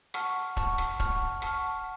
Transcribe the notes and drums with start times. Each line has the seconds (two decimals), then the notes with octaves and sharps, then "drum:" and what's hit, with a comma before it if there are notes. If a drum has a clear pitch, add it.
0.14 F#5 A5 C#6 F6, drum: rim click
0.57 F#5 A5 C#6 F6, drum: kick, hi-hat
0.78 drum: rim click
1.00 F#5 A5 C#6 F6, drum: kick, hi-hat
1.42 F#5 A5 C#6 F6, drum: rim click